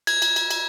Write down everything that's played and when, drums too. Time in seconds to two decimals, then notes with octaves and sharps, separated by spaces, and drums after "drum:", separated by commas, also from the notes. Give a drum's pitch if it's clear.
0.07 G#6, drum: cymbal
0.22 drum: cymbal
0.36 drum: cymbal
0.50 drum: cymbal